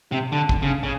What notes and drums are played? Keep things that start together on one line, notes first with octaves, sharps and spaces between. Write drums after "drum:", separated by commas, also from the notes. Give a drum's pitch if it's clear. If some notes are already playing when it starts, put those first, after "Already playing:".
C3
D3
drum: kick
C#3
C#3